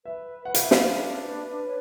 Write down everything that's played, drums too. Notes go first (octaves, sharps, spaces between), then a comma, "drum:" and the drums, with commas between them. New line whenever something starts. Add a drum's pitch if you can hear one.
B4 E5
B4 F#5
F5, drum: hi-hat
E5
F5, drum: snare
D4
B4
C#5